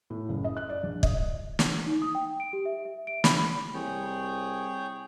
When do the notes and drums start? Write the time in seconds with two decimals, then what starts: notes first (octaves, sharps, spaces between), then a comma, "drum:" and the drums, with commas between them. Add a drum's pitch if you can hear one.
0.10 A2
0.29 F#1
0.44 D#5
0.57 F#6
0.69 D5
0.83 A#1
1.03 D#5, drum: kick
1.59 drum: snare
1.86 D#4
2.02 D#6
2.15 G5
2.40 D7
2.53 G4
2.66 E5
2.85 E5
3.07 D7
3.24 B5, drum: snare
3.74 C2 G#4 C#5 G5